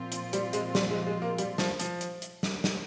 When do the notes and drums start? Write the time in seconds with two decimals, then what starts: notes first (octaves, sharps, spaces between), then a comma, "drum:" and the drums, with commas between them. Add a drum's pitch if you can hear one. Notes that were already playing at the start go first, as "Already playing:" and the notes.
Already playing: A#2 F3 C4 F4
0.12 drum: hi-hat
0.33 G3, drum: hi-hat
0.53 G#3, drum: hi-hat
0.75 G3, drum: snare
0.91 G#3
1.07 G#3
1.22 A#3
1.38 G3, drum: hi-hat
1.58 F3, drum: snare
1.80 F3, drum: hi-hat
2.01 drum: hi-hat
2.22 drum: hi-hat
2.43 drum: snare
2.64 drum: snare